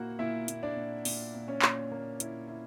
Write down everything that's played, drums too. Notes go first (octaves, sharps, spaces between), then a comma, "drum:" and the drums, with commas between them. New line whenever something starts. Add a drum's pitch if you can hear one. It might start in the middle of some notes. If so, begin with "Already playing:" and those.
Already playing: A#2 A#3 E4 F#4 F#5
A#2 E4 E5
A#2, drum: hi-hat
D4 D5
A#2
A#2, drum: open hi-hat
A#2
C#4 C#5
A#2, drum: clap
A#3
E4, drum: hi-hat
E4